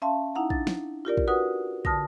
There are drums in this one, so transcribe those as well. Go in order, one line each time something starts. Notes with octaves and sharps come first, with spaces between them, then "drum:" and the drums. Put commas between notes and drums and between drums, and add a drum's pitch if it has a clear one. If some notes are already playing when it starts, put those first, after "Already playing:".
C#4 E5 F5 A5 C6
D#4 E4 F#5 A#5
D4 A6, drum: kick
drum: snare
F4 G4 A#4 D5
drum: kick
F#4 B4 F#5 D#6
D3 A5 D#6 A#6, drum: kick